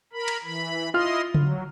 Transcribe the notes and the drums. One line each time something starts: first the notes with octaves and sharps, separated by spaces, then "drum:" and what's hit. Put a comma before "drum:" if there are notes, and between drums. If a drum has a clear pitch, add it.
A#4 B5
drum: cymbal
E3 B5
E4 F4 D#5 C6 F6
F#3, drum: tom C#3